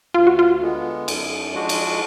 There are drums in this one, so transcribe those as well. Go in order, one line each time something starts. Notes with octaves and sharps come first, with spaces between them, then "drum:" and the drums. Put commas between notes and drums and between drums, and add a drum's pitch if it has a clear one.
D2 F4
F#4
F4
D3 G#3 B3
F#2, drum: cymbal
F3 G#3 D4 F#4
drum: cymbal